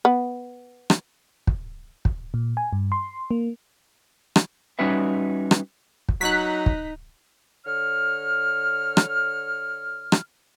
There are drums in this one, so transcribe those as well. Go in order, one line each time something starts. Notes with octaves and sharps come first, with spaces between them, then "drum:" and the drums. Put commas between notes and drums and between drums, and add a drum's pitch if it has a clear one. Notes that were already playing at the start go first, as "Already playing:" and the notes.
B3
drum: rim click
drum: kick
drum: kick
A#2
G#5
G2
C6
A#3
drum: rim click
G3 C#4 D#4 F#4 B4 E5
drum: rim click
drum: kick
F#3 D#4 F#6 B6
drum: kick
D3 C#5 F6
drum: rim click
drum: rim click